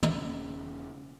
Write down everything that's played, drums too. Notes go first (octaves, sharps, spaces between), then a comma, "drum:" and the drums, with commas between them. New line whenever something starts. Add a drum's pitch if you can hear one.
E1 C#3 C#4, drum: tom